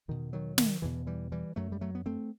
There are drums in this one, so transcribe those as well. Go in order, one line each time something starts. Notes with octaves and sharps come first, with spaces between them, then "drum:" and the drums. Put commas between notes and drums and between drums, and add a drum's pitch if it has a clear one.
E2 B2 D#3
D#3 F#3
D#3, drum: snare
E2 B2 E3
E3 G3
E3 G3
F#2 F#3 A3
G3
F#3 A3
B3
A3 C4